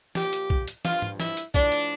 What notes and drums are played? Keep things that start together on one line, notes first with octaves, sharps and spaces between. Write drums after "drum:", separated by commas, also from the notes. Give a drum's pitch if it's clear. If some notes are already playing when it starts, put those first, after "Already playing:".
A#2 F3 G4, drum: snare
drum: hi-hat
drum: kick
drum: hi-hat
G2 F3 F4, drum: snare
drum: tom G#2
E4, drum: snare
drum: hi-hat
A2 F3 D4, drum: kick
drum: hi-hat